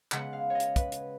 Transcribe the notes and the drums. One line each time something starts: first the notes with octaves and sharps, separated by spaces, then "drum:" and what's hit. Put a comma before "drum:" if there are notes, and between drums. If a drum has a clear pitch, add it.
C#3 G#3 B3 F#5, drum: clap
F5
C#5 D#5
drum: hi-hat
B4, drum: kick, hi-hat
drum: hi-hat